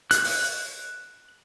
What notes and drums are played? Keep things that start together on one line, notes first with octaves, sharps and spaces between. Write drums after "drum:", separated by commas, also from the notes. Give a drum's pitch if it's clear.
F#6, drum: hi-hat
drum: open hi-hat